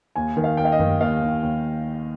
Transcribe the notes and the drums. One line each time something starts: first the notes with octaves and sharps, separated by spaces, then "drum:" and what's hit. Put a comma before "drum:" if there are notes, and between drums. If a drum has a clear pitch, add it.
D#2 G#5
D#3
F5
D#2 G5
F5
D#5
D#3, drum: tom F#2
D#2 F5
D#2
D#2